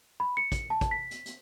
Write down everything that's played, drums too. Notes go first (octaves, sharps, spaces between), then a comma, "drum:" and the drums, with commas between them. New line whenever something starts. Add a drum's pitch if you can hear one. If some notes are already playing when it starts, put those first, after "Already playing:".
B5
C#7
drum: kick, hi-hat
A5
drum: kick, hi-hat
B6
drum: hi-hat
drum: hi-hat